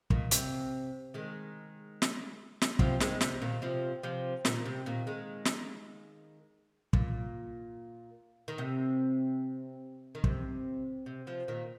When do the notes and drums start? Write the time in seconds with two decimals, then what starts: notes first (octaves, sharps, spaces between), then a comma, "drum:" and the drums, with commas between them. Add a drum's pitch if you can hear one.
0.10 A#2 D#3, drum: kick
0.31 C3, drum: hi-hat
1.14 D#3 G#3
2.02 drum: snare
2.62 drum: snare
2.79 C3 F3, drum: kick
3.00 D#3 G#3, drum: snare
3.21 C3, drum: snare
3.42 A#2 D#3
3.62 C3 F3
4.03 C3 F3
4.45 A#2 D#3, drum: snare
4.66 C3
4.86 A#2 D#3
5.07 D#3 G#3
5.45 drum: snare
6.93 A#2, drum: kick
8.48 D#3
8.58 C3
10.15 D#3
10.24 C3, drum: kick
11.06 C3
11.27 C3 F3
11.48 A#2 D#3